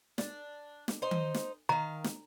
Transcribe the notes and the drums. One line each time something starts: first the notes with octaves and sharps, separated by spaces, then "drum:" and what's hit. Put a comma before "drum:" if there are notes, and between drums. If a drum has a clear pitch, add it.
D4, drum: snare
drum: snare
D#4 C5
drum: tom D#3
drum: snare
D#3 F5 A#5
drum: snare